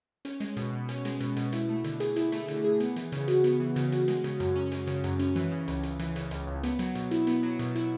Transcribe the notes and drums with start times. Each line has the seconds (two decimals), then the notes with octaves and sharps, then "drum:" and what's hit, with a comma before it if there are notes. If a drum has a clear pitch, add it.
0.25 C#4, drum: hi-hat
0.40 G#3, drum: hi-hat
0.57 B2, drum: hi-hat
0.73 B2
0.89 C#4, drum: hi-hat
1.05 G#3, drum: hi-hat
1.20 B2, drum: hi-hat
1.36 B2, drum: hi-hat
1.52 E4, drum: hi-hat
1.69 A3
1.84 D3, drum: hi-hat
2.00 G#4, drum: hi-hat
2.16 E4, drum: hi-hat
2.32 A3, drum: hi-hat
2.48 D3, drum: hi-hat
2.64 G#4
2.80 B3, drum: hi-hat
2.96 E3, drum: hi-hat
3.12 C#3, drum: hi-hat
3.28 F#4, drum: hi-hat
3.44 B3, drum: hi-hat
3.60 E3
3.76 C#3, drum: hi-hat
3.92 F#4, drum: hi-hat
4.08 G#3, drum: hi-hat
4.24 C#3, drum: hi-hat
4.40 F#2, drum: hi-hat
4.56 C#4
4.72 G#3, drum: hi-hat
4.87 C#3, drum: hi-hat
5.04 F#2, drum: hi-hat
5.19 C#4, drum: hi-hat
5.36 E3, drum: hi-hat
5.51 C#3
5.68 C#2, drum: hi-hat
5.83 C#2, drum: hi-hat
5.99 E3, drum: hi-hat
6.16 C#3, drum: hi-hat
6.31 C#2, drum: hi-hat
6.47 C#2
6.63 B3, drum: hi-hat
6.79 F#3, drum: hi-hat
6.95 B2, drum: hi-hat
7.11 E4, drum: hi-hat
7.27 B3, drum: hi-hat
7.43 F#3
7.59 B2, drum: hi-hat
7.75 E4, drum: hi-hat